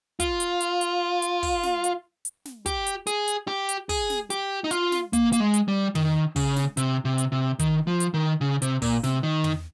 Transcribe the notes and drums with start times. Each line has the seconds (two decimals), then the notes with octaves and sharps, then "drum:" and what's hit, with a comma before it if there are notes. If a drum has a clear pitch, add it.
0.20 F4, drum: kick, hi-hat
0.40 drum: hi-hat
0.60 drum: hi-hat
0.81 drum: hi-hat
1.22 drum: hi-hat
1.43 drum: kick, open hi-hat
1.63 drum: snare
1.84 drum: hi-hat
2.25 drum: hi-hat
2.45 drum: snare
2.66 G4, drum: kick, hi-hat
2.87 drum: hi-hat
3.07 G#4, drum: hi-hat
3.28 drum: hi-hat
3.48 G4
3.69 drum: hi-hat
3.89 G#4, drum: kick, open hi-hat
4.10 drum: snare
4.30 G4, drum: hi-hat
4.64 D#4
4.71 F4, drum: hi-hat
4.92 drum: snare
5.13 A#3, drum: kick, hi-hat
5.32 A#3, drum: hi-hat
5.40 G#3
5.54 drum: hi-hat
5.68 G3
5.95 D#3, drum: tom
6.36 C#3, drum: kick, open hi-hat
6.56 drum: snare
6.77 C3, drum: hi-hat
7.05 C3
7.18 drum: hi-hat
7.32 C3
7.59 D#3, drum: kick, hi-hat
7.87 F3
8.00 drum: hi-hat
8.14 D#3
8.41 C#3
8.62 C3, drum: hi-hat
8.82 A#2, drum: kick, open hi-hat
9.04 C3, drum: snare
9.23 D#3
9.44 drum: tom